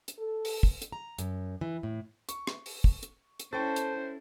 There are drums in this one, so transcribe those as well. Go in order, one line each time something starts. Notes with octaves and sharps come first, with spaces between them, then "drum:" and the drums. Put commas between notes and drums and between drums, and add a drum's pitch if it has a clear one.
drum: hi-hat
A4
drum: open hi-hat
drum: kick
drum: hi-hat
A#5
F#2, drum: hi-hat
E3
A2
C#6, drum: hi-hat
drum: rim click
drum: open hi-hat
drum: kick
drum: hi-hat
drum: hi-hat
C#4 E4 A4 C5 G5 C#6 A6
drum: hi-hat